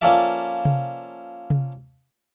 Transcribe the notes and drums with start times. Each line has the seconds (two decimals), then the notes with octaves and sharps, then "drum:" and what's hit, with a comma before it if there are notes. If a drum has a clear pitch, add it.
0.01 F3 A#3 C#4 A4 D5 E5
0.65 drum: tom C3
1.50 drum: tom C3